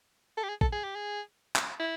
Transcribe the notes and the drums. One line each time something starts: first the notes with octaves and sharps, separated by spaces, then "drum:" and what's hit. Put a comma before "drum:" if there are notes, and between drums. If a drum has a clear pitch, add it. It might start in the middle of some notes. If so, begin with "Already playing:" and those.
A4
G4
G#4
A4, drum: kick
G#4
G4
G#4
drum: clap
E4